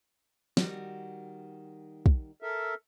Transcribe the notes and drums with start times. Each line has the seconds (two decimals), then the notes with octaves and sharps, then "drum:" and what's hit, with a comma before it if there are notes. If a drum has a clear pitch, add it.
0.57 D#3 G3 F#4, drum: snare
2.06 drum: kick
2.42 A4 A#4 E5